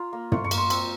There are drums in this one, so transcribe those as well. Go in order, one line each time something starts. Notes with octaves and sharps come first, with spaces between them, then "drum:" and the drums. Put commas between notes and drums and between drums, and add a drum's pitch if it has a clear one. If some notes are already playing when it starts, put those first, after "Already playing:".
Already playing: F4 A#5
A#3
F4 C#6, drum: tom
C#6
A#3, drum: cymbal
C6
C4 C#6, drum: cymbal